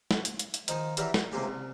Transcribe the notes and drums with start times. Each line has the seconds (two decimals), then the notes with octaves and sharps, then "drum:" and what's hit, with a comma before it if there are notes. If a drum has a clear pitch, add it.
0.11 drum: snare
0.25 drum: hi-hat
0.39 drum: hi-hat
0.54 drum: hi-hat
0.68 D#3 F3 D#4 G#5, drum: hi-hat
0.97 E3 F#3 G4 A#4 D5 E5, drum: hi-hat
1.14 F#4, drum: snare
1.32 C#2 C3 A#3 C4 G4 G#5
1.48 C2